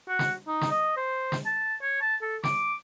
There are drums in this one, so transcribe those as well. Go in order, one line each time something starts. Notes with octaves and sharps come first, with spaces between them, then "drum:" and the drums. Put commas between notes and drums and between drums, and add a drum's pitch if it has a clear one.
F#4
drum: snare
D#4
drum: snare
D#5
C5
drum: snare
A5
C#5
A5
A4
D6, drum: snare